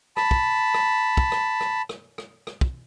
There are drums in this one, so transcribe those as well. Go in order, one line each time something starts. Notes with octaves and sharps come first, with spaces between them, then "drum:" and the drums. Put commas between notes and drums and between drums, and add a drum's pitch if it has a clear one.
A5 B5, drum: rim click
drum: kick
drum: rim click
drum: kick
drum: rim click
drum: rim click
drum: rim click
drum: rim click
drum: rim click
drum: kick